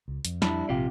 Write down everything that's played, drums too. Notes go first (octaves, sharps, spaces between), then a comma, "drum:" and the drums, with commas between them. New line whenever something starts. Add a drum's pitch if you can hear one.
C#2
F2, drum: hi-hat
G3 D4 E4, drum: snare
A#1 G#2 C3 F4 G4